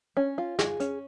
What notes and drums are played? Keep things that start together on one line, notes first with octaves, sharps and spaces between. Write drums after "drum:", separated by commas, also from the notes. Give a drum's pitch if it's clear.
C#4
F4
G#4, drum: snare
C#4, drum: hi-hat